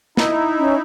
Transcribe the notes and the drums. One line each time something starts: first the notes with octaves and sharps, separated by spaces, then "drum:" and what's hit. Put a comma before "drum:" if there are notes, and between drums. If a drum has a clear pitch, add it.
D#4 E4, drum: snare
C#4